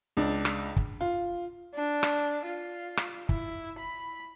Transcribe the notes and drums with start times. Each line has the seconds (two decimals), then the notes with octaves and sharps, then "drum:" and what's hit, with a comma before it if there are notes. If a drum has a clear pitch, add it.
0.17 C#2 D4
0.45 drum: rim click
0.77 drum: kick
1.01 F4
1.75 D4
2.03 drum: rim click
2.46 F4
2.97 drum: rim click
3.29 E4, drum: kick
3.79 B5